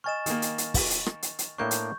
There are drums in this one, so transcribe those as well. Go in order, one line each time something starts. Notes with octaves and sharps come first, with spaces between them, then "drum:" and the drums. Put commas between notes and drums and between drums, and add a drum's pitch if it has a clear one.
D#5 G#5 C#6 F6 A6 E7
D#3 A#3, drum: hi-hat
drum: hi-hat
drum: hi-hat
drum: kick, open hi-hat
drum: hi-hat
drum: rim click
drum: hi-hat
drum: hi-hat
A2 A#3 D4 C#6 G6
drum: hi-hat